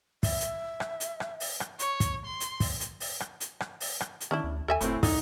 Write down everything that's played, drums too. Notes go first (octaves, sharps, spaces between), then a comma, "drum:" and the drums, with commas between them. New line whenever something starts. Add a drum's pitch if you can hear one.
E5, drum: kick, open hi-hat
drum: hi-hat
drum: rim click
drum: hi-hat
drum: rim click
drum: open hi-hat
drum: rim click
C#5, drum: hi-hat
drum: kick, hi-hat
C6
drum: hi-hat
drum: kick, open hi-hat
drum: hi-hat
drum: open hi-hat
drum: rim click
drum: hi-hat
drum: rim click
drum: open hi-hat
drum: rim click
drum: hi-hat
D#3 C#4 D4 E4
D2
D#2 A4 E5 G#5
F#1 A2 C4 E4, drum: hi-hat
E2 D3 D#4, drum: kick, open hi-hat